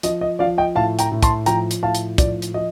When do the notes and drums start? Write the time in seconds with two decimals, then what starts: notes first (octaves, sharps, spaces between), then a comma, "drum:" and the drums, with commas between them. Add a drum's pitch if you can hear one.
0.03 F3 D#5, drum: hi-hat
0.21 D#5
0.39 F3 D5 F5
0.58 D#5 G5
0.76 A2 F5 A5
0.99 G5 A#5, drum: hi-hat
1.12 A2
1.22 A5 C6, drum: kick, hi-hat
1.46 F3 G5 A#5, drum: hi-hat
1.71 drum: hi-hat
1.83 A2 F5 A5
1.95 drum: hi-hat
2.18 F3 D5, drum: kick, hi-hat
2.42 drum: hi-hat
2.54 F3 D#5